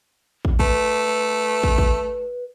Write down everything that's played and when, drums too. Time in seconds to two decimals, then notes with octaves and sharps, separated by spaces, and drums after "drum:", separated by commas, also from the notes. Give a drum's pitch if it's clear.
0.45 drum: kick
0.60 A3 B4, drum: kick
1.63 drum: kick
1.78 drum: kick